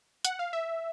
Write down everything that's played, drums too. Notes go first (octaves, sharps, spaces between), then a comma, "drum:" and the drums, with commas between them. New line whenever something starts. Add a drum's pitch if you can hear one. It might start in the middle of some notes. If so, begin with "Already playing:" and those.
F#5, drum: hi-hat
F5
E5